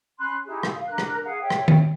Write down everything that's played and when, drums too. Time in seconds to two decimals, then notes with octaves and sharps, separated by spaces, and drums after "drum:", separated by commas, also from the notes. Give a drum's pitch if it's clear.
0.19 C#4 B5 C6 F#6
0.46 D#4 E4 G4 G#4
0.63 drum: rim click
0.74 F5
0.88 D4 A#4 F#6
0.98 drum: rim click
1.24 G#4 F5 F#5
1.41 C#5 E5 G5
1.50 drum: rim click
1.68 drum: tom D#3